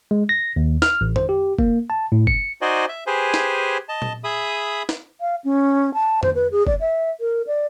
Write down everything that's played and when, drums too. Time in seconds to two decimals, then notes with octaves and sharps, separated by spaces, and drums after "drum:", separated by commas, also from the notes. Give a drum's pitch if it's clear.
0.11 G#3
0.29 A#6
0.56 D#2
0.82 F6, drum: snare
1.01 A1
1.16 C5, drum: tom F2
1.29 G4
1.59 A#3, drum: kick
1.90 A5
2.12 A2
2.27 C#7, drum: kick
2.62 D#4 F#4 C5 D5 D#5 G#5
2.89 E5
3.07 G4 G#4 B4 C5 G#5
3.34 drum: snare
3.89 D#5 A5
4.02 drum: tom A#2
4.24 G#4 E5 B5 D#6
4.89 drum: snare
5.21 F5
5.44 C#4
5.94 A5
6.23 C5, drum: tom F2
6.35 B4
6.52 G#4
6.67 D5, drum: kick
6.80 E5
7.21 A#4
7.47 D5